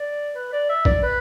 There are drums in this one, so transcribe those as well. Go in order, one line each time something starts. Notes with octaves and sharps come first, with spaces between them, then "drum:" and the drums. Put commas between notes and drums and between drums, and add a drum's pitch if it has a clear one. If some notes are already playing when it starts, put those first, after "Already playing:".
Already playing: D5
B4
D5
E5
D5, drum: kick
B4